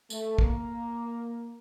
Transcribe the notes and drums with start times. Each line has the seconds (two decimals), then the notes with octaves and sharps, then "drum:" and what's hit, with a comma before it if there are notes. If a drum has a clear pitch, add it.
0.10 A3, drum: tambourine
0.38 A#3, drum: kick